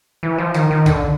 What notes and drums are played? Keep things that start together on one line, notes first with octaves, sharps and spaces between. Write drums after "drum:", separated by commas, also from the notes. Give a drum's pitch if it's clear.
E3
F3
D#3, drum: hi-hat
D#3
D3, drum: kick B1, hi-hat